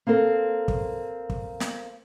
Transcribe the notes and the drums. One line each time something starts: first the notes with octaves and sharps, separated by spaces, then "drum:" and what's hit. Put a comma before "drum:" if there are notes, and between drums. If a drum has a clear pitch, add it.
A#3 C4 A4 A#4
drum: kick
drum: kick
drum: snare